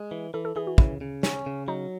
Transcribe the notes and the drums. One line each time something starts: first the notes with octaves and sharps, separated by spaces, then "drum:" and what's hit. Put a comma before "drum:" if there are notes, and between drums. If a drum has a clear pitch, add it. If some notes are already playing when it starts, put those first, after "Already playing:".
Already playing: G#3
E3
E3 A4
A4
E3 G#4
F#4
C#3 E4, drum: kick
C#3
C#4, drum: snare
C#3
F#3 D#4